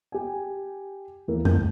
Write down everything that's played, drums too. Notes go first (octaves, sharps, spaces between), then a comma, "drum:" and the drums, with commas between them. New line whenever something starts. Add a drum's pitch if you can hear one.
G4 G#5
D#2 E3 A#3 A#4
G6, drum: tom F#2